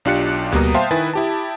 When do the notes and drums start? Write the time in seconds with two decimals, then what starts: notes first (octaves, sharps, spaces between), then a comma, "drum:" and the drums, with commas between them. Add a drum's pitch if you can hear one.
0.05 B1 D4 F4 G4 F#6 C#7
0.52 B2 G3 A#3 B3 A#5 D#6, drum: tom D2
0.74 C5 E5 F5 G5 A5 C6
0.91 D#3 E4 B4 G#5 A6
1.14 E4 G4 A5